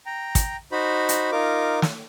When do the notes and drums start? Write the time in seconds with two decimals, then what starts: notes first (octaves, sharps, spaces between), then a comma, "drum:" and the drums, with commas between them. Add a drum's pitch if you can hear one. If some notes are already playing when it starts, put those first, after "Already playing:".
0.06 G5 A#5
0.35 drum: kick, hi-hat
0.72 D#4 F#4 C5 B5
1.09 drum: hi-hat
1.32 D#4 F4 A#4 D6
1.82 drum: snare